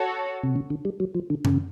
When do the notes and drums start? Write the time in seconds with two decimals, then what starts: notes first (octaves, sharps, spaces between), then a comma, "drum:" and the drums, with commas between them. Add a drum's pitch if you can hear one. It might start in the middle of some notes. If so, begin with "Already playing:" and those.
Already playing: F#4 A4 C#5
0.43 C3
0.56 C#3
0.70 D3
0.85 G3
1.00 F#3
1.15 F3
1.30 D3
1.45 C#3, drum: tom F#2